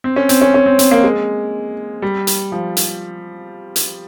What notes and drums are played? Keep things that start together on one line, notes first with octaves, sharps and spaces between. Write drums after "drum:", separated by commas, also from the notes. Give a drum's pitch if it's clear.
C4
C#4
C4, drum: hi-hat
C#4
C#4
C4
C4, drum: hi-hat
A#3
G#3
G3
drum: hi-hat
F3
drum: hi-hat
drum: hi-hat